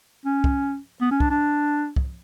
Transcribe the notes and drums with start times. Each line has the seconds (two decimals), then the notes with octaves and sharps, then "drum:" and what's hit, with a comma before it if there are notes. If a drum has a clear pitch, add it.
0.25 C#4
0.44 drum: kick
1.01 B3
1.11 C#4
1.20 D4, drum: kick
1.30 D4
1.96 drum: kick